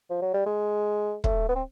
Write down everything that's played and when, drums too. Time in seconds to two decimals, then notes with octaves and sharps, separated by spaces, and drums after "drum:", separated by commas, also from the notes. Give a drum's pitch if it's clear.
0.10 F3
0.22 F#3
0.34 G3
0.46 G#3
1.24 A3, drum: kick
1.49 B3
1.55 C4